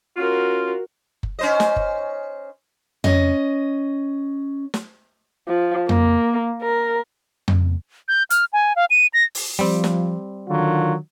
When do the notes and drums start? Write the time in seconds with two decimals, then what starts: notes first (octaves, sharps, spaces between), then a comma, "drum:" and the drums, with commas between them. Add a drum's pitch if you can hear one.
0.17 C#4 F4 F#4 A#4
1.23 drum: kick F#1
1.39 C#4 C5 D#5
1.60 drum: snare
1.76 drum: kick F#1
3.04 C#4 D#5, drum: tom F2
4.74 drum: snare
5.48 F3
5.89 A#3, drum: tom F2
6.62 A#4
7.48 drum: tom F2
8.08 G6
8.30 F6, drum: hi-hat
8.53 G#5
8.76 F5
8.90 D#7
9.14 A#6
9.35 drum: open hi-hat
9.59 F3 G3 C4
9.84 drum: snare
10.49 D3 D#3 F#3 F4